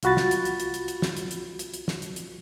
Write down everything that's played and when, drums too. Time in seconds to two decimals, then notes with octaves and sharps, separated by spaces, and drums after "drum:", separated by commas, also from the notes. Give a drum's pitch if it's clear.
0.03 C2 F4 F#4 B5 A6, drum: hi-hat
0.17 drum: snare
0.31 drum: hi-hat
0.45 drum: hi-hat
0.60 drum: hi-hat
0.74 drum: hi-hat
0.88 drum: hi-hat
1.02 drum: snare
1.17 drum: hi-hat
1.31 drum: hi-hat
1.59 drum: hi-hat
1.74 drum: hi-hat
1.88 drum: snare
2.02 drum: hi-hat
2.16 drum: hi-hat